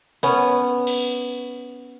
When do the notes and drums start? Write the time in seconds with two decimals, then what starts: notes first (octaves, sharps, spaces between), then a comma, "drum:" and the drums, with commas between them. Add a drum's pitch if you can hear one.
0.23 B3 C#4, drum: open hi-hat
0.87 drum: cymbal